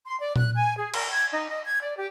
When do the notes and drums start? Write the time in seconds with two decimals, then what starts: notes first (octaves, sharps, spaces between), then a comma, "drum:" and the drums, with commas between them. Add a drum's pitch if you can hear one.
0.05 C6
0.19 D5
0.36 F#6, drum: tom A#2
0.54 G#5
0.77 G#4
0.94 A#4, drum: cymbal
1.10 G#6
1.32 D#4
1.51 D#5
1.66 G#6
1.82 D5
1.97 G4